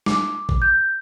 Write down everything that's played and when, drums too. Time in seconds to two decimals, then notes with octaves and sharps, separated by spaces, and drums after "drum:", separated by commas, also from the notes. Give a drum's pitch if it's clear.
0.06 D6, drum: snare
0.49 drum: kick
0.62 G6